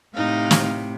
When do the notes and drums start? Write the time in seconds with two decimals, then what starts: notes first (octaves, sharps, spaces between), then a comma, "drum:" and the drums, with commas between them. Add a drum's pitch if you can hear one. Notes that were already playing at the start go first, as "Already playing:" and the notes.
0.15 A2 C3 D#4 F5
0.51 drum: snare